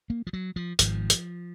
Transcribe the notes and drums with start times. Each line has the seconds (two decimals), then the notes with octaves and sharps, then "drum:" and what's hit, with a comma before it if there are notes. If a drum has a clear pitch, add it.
0.10 A#3
0.27 F3
0.33 F#3
0.56 F3
0.79 G#1 G#2 F3, drum: hi-hat
1.10 drum: hi-hat